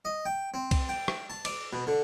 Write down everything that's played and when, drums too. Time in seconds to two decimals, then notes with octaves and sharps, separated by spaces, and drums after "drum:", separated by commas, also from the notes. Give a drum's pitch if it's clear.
0.05 D#5
0.26 G5
0.54 C4
0.71 drum: kick C2, cymbal
0.89 G5
1.08 drum: rim click
1.30 A5
1.45 D5, drum: cymbal
1.73 B2
1.87 D3